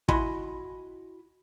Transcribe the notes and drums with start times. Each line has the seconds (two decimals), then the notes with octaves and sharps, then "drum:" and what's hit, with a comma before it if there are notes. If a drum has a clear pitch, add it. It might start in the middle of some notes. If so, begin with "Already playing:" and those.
0.08 E4 F#4 D#5 G#5 B5 C6, drum: kick